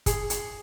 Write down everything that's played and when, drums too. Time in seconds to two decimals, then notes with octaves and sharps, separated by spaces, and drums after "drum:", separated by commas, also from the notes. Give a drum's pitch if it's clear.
0.06 G#4, drum: kick, hi-hat
0.30 drum: hi-hat